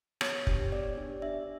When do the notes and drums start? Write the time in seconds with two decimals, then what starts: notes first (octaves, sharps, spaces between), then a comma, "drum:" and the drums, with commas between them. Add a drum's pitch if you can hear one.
0.21 B3 C#5, drum: rim click
0.47 D4 G4, drum: kick
0.71 B3 D5
0.97 D4 G4
1.22 D4 E5